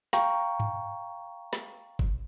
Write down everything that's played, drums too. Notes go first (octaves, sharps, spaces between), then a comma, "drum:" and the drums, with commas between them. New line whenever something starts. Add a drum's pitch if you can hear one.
F5 G5 A#5 C#6, drum: snare
drum: tom G2
drum: snare
drum: kick G1